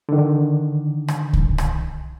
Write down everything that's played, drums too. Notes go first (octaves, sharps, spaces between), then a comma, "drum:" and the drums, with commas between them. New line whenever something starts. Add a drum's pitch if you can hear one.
D3 D#3
drum: rim click
drum: kick C2
drum: rim click